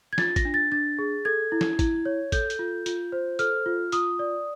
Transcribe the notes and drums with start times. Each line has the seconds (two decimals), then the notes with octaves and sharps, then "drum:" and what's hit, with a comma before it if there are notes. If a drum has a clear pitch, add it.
0.13 G#6
0.18 F4 A6, drum: snare
0.36 A#6, drum: kick A1, hi-hat
0.45 D4
0.54 A6
0.72 D4 A6
0.99 G#4
1.25 A4 G#6
1.52 E4
1.61 drum: snare
1.79 E4, drum: kick A1, hi-hat
2.06 C#5
2.32 A4 G6, drum: kick A1, hi-hat
2.50 drum: hi-hat
2.59 F4
2.86 F4, drum: hi-hat
3.12 C5
3.39 A4 F6, drum: hi-hat
3.66 F4
3.92 F4 D#6, drum: hi-hat
4.19 D5